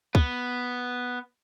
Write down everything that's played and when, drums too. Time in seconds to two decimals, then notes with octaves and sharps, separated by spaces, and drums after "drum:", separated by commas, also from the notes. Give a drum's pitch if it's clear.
0.15 B3, drum: kick